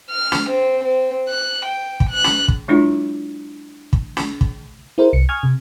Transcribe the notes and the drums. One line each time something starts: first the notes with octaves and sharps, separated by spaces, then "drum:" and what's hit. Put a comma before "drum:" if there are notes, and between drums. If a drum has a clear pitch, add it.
F6
drum: snare
C4
C4
F#6
G5
drum: kick
F#6
drum: snare
drum: kick
F#3 G#3 D4 E4 F4
drum: kick
drum: snare
drum: kick
E4 G#4 A#4 C5
C2 C#7
G#5 C#6 D#6 F6 G#6
C3